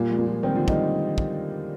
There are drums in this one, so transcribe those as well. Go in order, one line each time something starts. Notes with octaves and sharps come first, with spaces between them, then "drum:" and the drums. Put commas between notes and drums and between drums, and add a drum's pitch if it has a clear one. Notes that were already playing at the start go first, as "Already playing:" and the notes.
Already playing: A#2 G3 A#3
F3 G#3
A#2
F3 G#3
D#3 G3 C4
D3 F3
D#3 G3 D#4, drum: kick
drum: kick